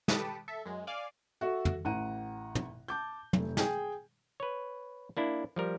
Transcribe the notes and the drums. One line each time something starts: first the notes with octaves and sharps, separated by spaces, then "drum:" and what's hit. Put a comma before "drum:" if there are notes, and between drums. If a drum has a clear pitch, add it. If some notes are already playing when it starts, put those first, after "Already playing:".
G4 A4 B4 A5 D6 D#6, drum: snare
A4 E5
F#2 G#3
D5 F5 G#5 D6
F#4 A4 E5
drum: tom
A1 F#5 A#5 D#7
drum: tom
A5 D6 G6
F1 A3, drum: tom
G#4 G5, drum: snare
B4 C#5
A#3 D4 E4
F3 G3 A#4